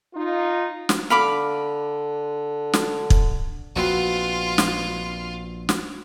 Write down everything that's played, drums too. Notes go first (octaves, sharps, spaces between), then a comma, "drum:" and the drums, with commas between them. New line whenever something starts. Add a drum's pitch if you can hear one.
D#4 F4
drum: snare
D3 F5 B5 D6
drum: snare
drum: kick
A#1 B3 C4 F4 F#4
drum: snare
drum: snare